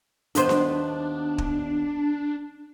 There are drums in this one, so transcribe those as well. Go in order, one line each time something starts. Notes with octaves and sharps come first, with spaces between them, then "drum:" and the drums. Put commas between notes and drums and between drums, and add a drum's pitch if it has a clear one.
D#2 B3 D4 C5, drum: hi-hat
drum: snare D4
drum: kick